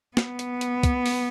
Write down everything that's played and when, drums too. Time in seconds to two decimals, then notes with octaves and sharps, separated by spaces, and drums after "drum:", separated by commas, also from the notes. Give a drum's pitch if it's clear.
0.17 B3, drum: snare
0.39 drum: hi-hat
0.61 drum: hi-hat
0.83 drum: kick, hi-hat
1.06 drum: open hi-hat